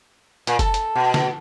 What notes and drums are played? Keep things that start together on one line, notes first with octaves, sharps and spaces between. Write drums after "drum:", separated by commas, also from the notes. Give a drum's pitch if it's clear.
A#2, drum: hi-hat
A4, drum: kick F#1, hi-hat
drum: hi-hat
B2
drum: snare